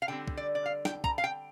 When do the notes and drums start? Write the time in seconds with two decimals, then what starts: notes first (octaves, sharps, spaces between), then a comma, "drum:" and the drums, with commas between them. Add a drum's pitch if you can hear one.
0.02 F5
0.08 D3 G3 C4 G5
0.28 drum: kick
0.37 D5
0.55 D5
0.66 F5
0.85 G5, drum: snare
1.04 A#5, drum: kick
1.18 F5
1.24 G5